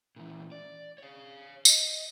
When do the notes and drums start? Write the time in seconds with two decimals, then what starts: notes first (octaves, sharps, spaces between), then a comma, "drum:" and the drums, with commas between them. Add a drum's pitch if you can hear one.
0.16 A#2 E3
0.52 D5
0.98 C#5 F5
1.65 D#5, drum: tambourine